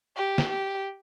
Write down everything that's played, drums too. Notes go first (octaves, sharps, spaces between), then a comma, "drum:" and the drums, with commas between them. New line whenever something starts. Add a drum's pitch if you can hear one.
G4
drum: snare
G4